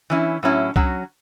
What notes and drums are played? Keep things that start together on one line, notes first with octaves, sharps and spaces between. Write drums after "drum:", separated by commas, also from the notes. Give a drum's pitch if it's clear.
E3 C#4 E4
A2 F#3 C#4 E4
F#3 C#4 F#4, drum: kick C2